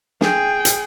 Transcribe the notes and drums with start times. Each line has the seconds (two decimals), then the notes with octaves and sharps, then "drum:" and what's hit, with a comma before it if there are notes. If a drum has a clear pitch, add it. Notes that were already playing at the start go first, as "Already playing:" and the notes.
0.21 G#4 G5, drum: snare
0.65 drum: hi-hat